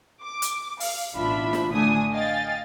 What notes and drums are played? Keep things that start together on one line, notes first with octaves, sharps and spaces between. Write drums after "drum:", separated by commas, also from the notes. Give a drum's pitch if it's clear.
D6
drum: hi-hat
F5, drum: open hi-hat
A1 B2 D4 F4 E5 B5
drum: snare
D3 A3 D4 G#5 D#6
D#5 F5 G5 G#5 A6